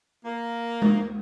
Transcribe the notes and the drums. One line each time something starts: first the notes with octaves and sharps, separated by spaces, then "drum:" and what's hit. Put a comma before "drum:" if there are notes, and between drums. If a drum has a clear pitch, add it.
A#3
drum: tom G#3